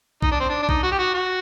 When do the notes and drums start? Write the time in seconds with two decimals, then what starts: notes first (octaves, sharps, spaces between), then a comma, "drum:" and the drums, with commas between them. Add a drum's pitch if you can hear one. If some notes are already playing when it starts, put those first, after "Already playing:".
0.22 D#4, drum: kick A#1
0.32 D4
0.40 C4
0.50 D4
0.63 D4
0.69 D#4, drum: kick A#1
0.83 F#4
0.92 G4
0.99 F#4
1.14 F#4